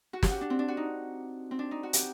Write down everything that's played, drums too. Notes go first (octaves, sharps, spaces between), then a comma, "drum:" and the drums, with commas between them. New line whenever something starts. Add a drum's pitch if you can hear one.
F#4
G4, drum: snare
F#4
D4
C4
D4
F#4
D#4
C4
D4
D#4
F#4
G4, drum: hi-hat